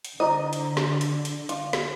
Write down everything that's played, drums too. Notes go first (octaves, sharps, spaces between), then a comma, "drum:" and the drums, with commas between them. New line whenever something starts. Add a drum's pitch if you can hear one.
drum: hi-hat
D3 E4 C5 D#5 A#5
drum: hi-hat
drum: snare
drum: hi-hat
drum: hi-hat
F4, drum: hi-hat
drum: snare